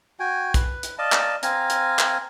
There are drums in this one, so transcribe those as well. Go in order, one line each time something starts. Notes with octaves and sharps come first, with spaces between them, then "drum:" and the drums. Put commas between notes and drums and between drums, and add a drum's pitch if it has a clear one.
F#4 G5 G#5
B4, drum: kick, hi-hat
drum: hi-hat
D5 D#5 F5 A5
drum: clap
C4 F5 G#5 A#5, drum: hi-hat
drum: hi-hat
drum: clap